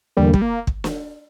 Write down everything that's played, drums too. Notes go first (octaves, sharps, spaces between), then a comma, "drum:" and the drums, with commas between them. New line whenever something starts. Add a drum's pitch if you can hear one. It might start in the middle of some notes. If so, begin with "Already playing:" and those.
E2 D3 G3 A#3
G3, drum: kick
A#3
drum: kick
drum: snare